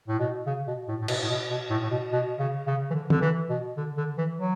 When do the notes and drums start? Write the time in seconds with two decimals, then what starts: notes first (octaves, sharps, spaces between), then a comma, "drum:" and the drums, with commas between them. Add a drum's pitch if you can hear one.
0.08 A2
0.19 B2
0.46 C#3
0.67 B2
0.88 A2
1.01 A2
1.08 B2, drum: cymbal
1.23 A2
1.29 B2
1.50 B2
1.70 A2
1.82 A2
1.91 B2
2.12 B2
2.39 C#3
2.67 C#3
2.90 E3
2.94 D3
3.10 D3, drum: tom
3.21 E3
3.49 B2
3.77 D3
3.97 D3
4.18 E3
4.38 F#3